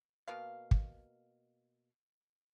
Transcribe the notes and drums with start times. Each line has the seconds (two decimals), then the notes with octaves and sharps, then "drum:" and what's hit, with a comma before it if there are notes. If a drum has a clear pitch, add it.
0.28 B2 A#3 F5
0.71 drum: kick